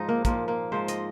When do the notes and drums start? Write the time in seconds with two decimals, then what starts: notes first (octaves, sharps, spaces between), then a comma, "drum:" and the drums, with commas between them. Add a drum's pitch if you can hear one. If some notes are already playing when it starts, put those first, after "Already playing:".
Already playing: G#2 F3 D#4
0.09 A#3
0.25 A#2 F3 A#3, drum: kick, hi-hat
0.48 A#3
0.72 G#2 F3 C5
0.88 D#5, drum: hi-hat